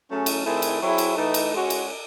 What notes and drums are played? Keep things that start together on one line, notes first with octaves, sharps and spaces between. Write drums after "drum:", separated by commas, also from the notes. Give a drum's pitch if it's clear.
F#3 A3 C#4 G#4
drum: cymbal
D#3 A3 C4 E4 G#4
drum: cymbal
F#3 C4 E4 G#4
drum: cymbal
E3 A3 D#4
drum: cymbal
G#3 C#4 F#4
drum: cymbal